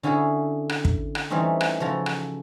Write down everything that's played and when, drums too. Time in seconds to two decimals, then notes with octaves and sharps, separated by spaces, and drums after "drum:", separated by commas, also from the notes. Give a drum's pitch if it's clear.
0.03 D3 C#4 E4 F#4 G#4 F#5
0.69 drum: rim click
0.85 drum: kick
1.15 drum: rim click
1.30 E3 G3 A3 C4 C#4 D#4
1.61 drum: rim click
1.80 C#3 F3 F#4 A4 F#5 A#5
2.06 drum: rim click